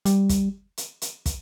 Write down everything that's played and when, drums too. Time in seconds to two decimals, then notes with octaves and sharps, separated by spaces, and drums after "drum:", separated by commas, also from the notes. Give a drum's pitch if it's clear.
0.05 G3, drum: hi-hat
0.29 drum: kick, hi-hat
0.77 drum: hi-hat
1.02 drum: hi-hat
1.26 drum: kick, hi-hat